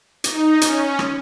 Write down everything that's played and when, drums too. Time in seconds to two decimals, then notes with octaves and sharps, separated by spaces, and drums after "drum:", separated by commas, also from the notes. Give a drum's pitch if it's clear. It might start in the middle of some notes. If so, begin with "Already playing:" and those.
0.24 D#4, drum: hi-hat
0.61 C#4, drum: hi-hat
0.99 drum: rim click